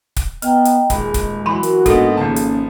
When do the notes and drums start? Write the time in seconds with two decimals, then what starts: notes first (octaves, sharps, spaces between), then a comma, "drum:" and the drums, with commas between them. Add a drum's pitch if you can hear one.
0.16 drum: kick, hi-hat
0.42 B3 D#5 G5 A#5 F6, drum: hi-hat
0.65 drum: hi-hat
0.90 D#1 G#3 B5, drum: kick, hi-hat
1.14 drum: kick, hi-hat
1.46 E3 F#3 B5 C6
1.63 F#4 A#4, drum: hi-hat
1.86 G#2 A#3 B3 D4 A4 D#5, drum: kick, hi-hat
2.17 G#1 C#3 F3 A#3 A5
2.36 drum: hi-hat